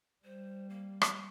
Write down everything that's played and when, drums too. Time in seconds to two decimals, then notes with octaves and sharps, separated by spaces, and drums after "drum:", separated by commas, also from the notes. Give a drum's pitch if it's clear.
0.24 G3 C5
0.70 A#3
1.02 drum: rim click